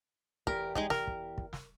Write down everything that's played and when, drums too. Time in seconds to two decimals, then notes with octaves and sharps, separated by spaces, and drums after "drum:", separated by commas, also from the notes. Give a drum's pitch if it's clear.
0.47 E2 G4 A#4, drum: kick
0.75 G#3 D#4 G#4, drum: kick
0.90 A#4, drum: snare
1.07 drum: kick
1.38 drum: kick
1.53 drum: snare